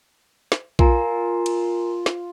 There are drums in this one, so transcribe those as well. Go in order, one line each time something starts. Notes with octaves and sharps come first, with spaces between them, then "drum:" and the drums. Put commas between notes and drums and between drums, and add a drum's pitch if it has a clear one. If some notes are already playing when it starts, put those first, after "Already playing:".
drum: snare
F4 A#4 G#5 A#5, drum: kick A#1
drum: cymbal
drum: snare